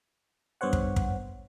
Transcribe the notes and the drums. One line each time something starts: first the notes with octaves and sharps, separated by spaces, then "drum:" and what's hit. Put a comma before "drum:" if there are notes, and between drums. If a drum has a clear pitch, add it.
G2 B3 C5 C#5 F#5
drum: kick
drum: kick